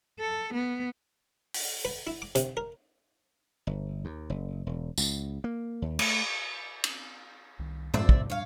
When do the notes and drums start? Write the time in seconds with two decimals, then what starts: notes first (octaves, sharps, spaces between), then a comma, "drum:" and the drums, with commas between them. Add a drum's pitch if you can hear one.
0.19 A4
0.54 B3
1.54 drum: open hi-hat
1.85 B4
2.07 E4
2.22 D6
2.35 C3, drum: hi-hat
2.57 A#4
3.67 G1
4.05 D#2
4.30 F#1
4.66 E1
4.98 C#2, drum: tambourine
5.44 A#3
5.82 D#2
5.99 A3, drum: cymbal
6.84 drum: cymbal
7.59 C2 D#3
7.94 C5 D5 E5, drum: tom G#2
8.09 E1 C3, drum: kick
8.30 G3 D4 C#5 F5